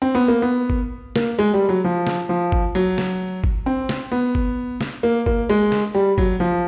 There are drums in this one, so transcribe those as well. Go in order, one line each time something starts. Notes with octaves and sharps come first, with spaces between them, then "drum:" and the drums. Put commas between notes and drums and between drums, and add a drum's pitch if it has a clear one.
C4
B3
A#3
B3
drum: kick G1
A#3, drum: snare
G#3
G3
F#3
F3
drum: snare
F3
drum: kick G1
F#3
drum: snare
drum: kick G1
C4
drum: snare
B3
drum: kick G1
drum: snare
A#3
A#3, drum: kick G1
G#3
drum: snare
G3
F#3, drum: kick G1
F3